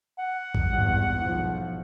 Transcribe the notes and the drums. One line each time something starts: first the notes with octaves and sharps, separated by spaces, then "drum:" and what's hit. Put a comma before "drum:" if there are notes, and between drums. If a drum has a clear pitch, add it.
F#5
drum: kick A#1
G#1 E2 G2
B1 B2 F3